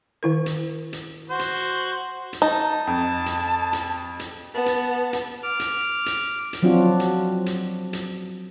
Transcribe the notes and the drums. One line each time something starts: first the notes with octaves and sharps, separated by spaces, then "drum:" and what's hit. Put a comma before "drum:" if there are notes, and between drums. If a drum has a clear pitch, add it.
D#3 E4 A#4
drum: hi-hat
drum: hi-hat
F#4 C5
drum: hi-hat
drum: hi-hat
D#4 A5
F2 A5
drum: hi-hat
drum: hi-hat
drum: hi-hat
B3 A5
drum: hi-hat
drum: hi-hat
D6 F6
drum: hi-hat
drum: hi-hat
drum: hi-hat
F3 F#3 C4 D4 F4 F#4
drum: hi-hat
drum: hi-hat
drum: hi-hat